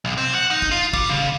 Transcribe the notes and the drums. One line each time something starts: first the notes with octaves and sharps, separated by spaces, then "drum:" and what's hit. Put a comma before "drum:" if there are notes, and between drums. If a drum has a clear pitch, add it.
B1
C4
F#5
D#4
drum: kick
F4
G3, drum: kick
C#3